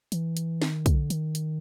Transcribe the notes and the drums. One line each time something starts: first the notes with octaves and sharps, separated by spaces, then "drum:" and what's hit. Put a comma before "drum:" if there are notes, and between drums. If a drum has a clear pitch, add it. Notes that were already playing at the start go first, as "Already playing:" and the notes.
E3, drum: hi-hat
drum: hi-hat
D#3, drum: snare
D3, drum: kick, hi-hat
D#3, drum: hi-hat
drum: hi-hat